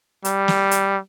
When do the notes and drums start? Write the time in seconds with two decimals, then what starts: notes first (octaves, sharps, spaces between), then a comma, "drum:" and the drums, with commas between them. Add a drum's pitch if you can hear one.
0.25 G3, drum: hi-hat
0.48 drum: snare
0.71 drum: hi-hat